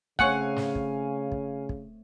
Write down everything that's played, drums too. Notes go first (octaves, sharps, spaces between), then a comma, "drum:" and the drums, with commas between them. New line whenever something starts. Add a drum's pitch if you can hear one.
C#3 A3 C4 C#5 F5 F#5 G#5 C#6, drum: kick
drum: snare
drum: kick
drum: kick
drum: kick